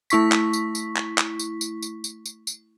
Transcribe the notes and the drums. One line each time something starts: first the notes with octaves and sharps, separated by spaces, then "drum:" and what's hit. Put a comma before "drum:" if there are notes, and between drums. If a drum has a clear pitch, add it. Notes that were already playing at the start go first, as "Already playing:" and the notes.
A3 E4 C#6 B6, drum: tambourine
drum: clap
drum: tambourine
drum: tambourine
drum: clap
drum: clap
drum: tambourine
drum: tambourine
drum: tambourine
drum: tambourine
drum: tambourine
drum: tambourine